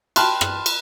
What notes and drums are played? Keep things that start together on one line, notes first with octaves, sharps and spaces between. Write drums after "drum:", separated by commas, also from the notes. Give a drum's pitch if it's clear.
G5 A5 B5 C6 F6 F#6, drum: cymbal
drum: rim click
drum: cymbal